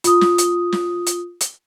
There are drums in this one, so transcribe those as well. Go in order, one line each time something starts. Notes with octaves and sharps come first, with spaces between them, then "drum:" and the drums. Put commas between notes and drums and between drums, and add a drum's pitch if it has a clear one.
F4 D#6, drum: hi-hat
drum: snare
drum: hi-hat
drum: snare
drum: hi-hat
drum: hi-hat